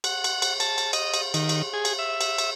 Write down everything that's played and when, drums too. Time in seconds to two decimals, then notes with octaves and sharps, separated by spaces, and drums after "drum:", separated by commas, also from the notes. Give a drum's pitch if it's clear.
0.04 F#5, drum: cymbal
0.24 drum: cymbal
0.42 drum: cymbal
0.60 A5, drum: cymbal
0.78 drum: cymbal
0.93 D#5, drum: cymbal
1.14 drum: cymbal
1.34 D#3, drum: cymbal
1.49 drum: cymbal
1.73 G#4
1.85 drum: cymbal
1.99 E5
2.21 drum: cymbal
2.38 drum: cymbal